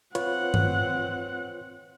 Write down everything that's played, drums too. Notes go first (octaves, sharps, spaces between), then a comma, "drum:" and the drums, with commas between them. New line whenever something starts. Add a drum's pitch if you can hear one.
C4 F4 B4 C#5 F#5, drum: hi-hat
drum: tom